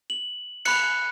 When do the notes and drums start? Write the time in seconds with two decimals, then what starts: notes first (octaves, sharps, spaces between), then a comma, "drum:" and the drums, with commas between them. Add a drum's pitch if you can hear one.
0.10 F#7
0.65 B5 F#6 C#7, drum: cymbal